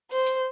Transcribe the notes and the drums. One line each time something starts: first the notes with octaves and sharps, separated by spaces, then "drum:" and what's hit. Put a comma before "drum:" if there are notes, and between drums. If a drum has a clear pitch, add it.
C5, drum: open hi-hat
drum: hi-hat